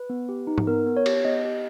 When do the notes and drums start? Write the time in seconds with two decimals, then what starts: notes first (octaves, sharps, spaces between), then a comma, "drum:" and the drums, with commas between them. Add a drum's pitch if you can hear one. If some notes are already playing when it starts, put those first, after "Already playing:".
Already playing: B4
0.10 B3
0.29 G4
0.47 D#4
0.58 drum: tom G#2
0.67 B3 A#4
0.86 B3
0.97 C#5
1.06 G4, drum: cymbal
1.25 B3 D#5
1.45 G4